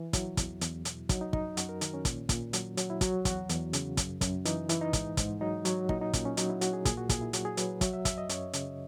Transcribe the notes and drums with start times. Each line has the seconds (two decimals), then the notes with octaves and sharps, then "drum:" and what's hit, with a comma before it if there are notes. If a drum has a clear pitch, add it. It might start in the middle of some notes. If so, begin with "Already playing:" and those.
Already playing: E3
0.13 F#3 E4, drum: kick, hi-hat
0.37 E2, drum: kick, hi-hat
0.61 E2, drum: hi-hat
0.85 B2, drum: hi-hat
1.09 F#3 D#4, drum: kick, hi-hat
1.21 D#4
1.33 F#2 D#4, drum: kick
1.57 F#2 F#4, drum: hi-hat
1.69 A#4
1.81 D#3 A#4, drum: hi-hat
1.94 C#4
2.05 A#2, drum: kick, hi-hat
2.29 A#2, drum: kick, hi-hat
2.53 F#3, drum: hi-hat
2.77 F#3, drum: hi-hat
2.90 E4
3.01 F#3 F#4, drum: kick, hi-hat
3.25 E2 F#4, drum: kick, hi-hat
3.49 E2, drum: hi-hat
3.73 C#3, drum: hi-hat
3.97 F#2, drum: kick, hi-hat
4.21 F#2, drum: kick, hi-hat
4.45 E3 D#4, drum: hi-hat
4.69 E3 E4, drum: hi-hat
4.82 D#4
4.93 G#2, drum: kick, hi-hat
5.17 G#2, drum: kick, hi-hat
5.41 F#3 D#4
5.65 F#3, drum: hi-hat
5.89 A#2 D#4, drum: kick
6.01 D#4
6.13 A#2 C#4, drum: kick, hi-hat
6.25 C#4
6.37 F#3 D#4, drum: hi-hat
6.50 E4
6.61 F#3 F#4, drum: hi-hat
6.73 G#4
6.85 A#2 G#4, drum: kick, hi-hat
6.98 F#4
7.09 A#2 G#4, drum: kick, hi-hat
7.21 E4
7.33 F#3 F#4, drum: hi-hat
7.45 G#4
7.57 F#3 B4, drum: hi-hat
7.81 F#3 E5, drum: kick, hi-hat
7.93 E5
8.05 F#2 E5, drum: kick, hi-hat
8.18 D#5
8.29 F#2 C#5, drum: hi-hat
8.53 C#3, drum: hi-hat